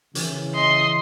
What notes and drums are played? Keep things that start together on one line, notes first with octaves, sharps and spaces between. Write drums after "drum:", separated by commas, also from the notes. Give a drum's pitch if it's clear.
C#3 E3, drum: hi-hat
D#5 C6